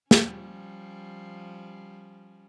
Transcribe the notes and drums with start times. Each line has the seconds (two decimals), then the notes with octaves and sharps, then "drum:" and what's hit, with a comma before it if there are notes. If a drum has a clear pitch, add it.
0.11 F3 G3 C#4, drum: snare